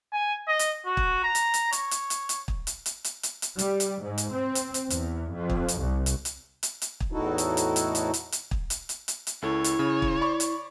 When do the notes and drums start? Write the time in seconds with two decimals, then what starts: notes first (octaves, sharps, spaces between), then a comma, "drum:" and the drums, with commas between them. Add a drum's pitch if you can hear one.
0.13 G#5
0.48 D#5
0.59 drum: hi-hat
0.86 F#4
0.97 drum: kick
1.24 A#5
1.35 drum: hi-hat
1.54 drum: hi-hat
1.73 C#5, drum: hi-hat
1.91 drum: hi-hat
2.10 drum: hi-hat
2.29 drum: hi-hat
2.48 drum: kick
2.67 drum: hi-hat
2.86 drum: hi-hat
3.04 drum: hi-hat
3.23 drum: hi-hat
3.42 drum: hi-hat
3.59 G3, drum: hi-hat
3.80 drum: hi-hat
4.02 G#2
4.18 drum: hi-hat
4.33 C4
4.55 drum: hi-hat
4.74 drum: hi-hat
4.90 E2, drum: hi-hat
5.36 F2
5.50 drum: kick
5.68 drum: hi-hat
5.81 C2
6.06 drum: hi-hat
6.25 drum: hi-hat
6.63 drum: hi-hat
6.82 drum: hi-hat
7.00 drum: kick
7.12 E2 A2 D#4 E4 F#4 A4
7.38 drum: hi-hat
7.57 drum: hi-hat
7.76 drum: hi-hat
7.95 drum: hi-hat
8.14 drum: hi-hat
8.32 drum: hi-hat
8.51 drum: kick
8.70 drum: hi-hat
8.89 drum: hi-hat
9.08 drum: hi-hat
9.27 drum: hi-hat
9.42 C#2 E4 A4 C#5
9.64 drum: hi-hat
9.79 C#3
10.02 drum: kick
10.21 D5 B5 C#6
10.40 drum: hi-hat